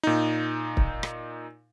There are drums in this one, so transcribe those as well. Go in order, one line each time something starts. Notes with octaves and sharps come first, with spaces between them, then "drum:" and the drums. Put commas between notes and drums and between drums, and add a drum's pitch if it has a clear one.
A#2 D#4
drum: kick
drum: rim click